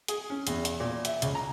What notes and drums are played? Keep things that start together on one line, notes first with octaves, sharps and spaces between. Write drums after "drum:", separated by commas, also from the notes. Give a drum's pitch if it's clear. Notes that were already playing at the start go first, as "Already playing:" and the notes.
G#4, drum: hi-hat
C#4
E2, drum: hi-hat
drum: hi-hat
A#2
E5, drum: hi-hat
C#2, drum: hi-hat
A#5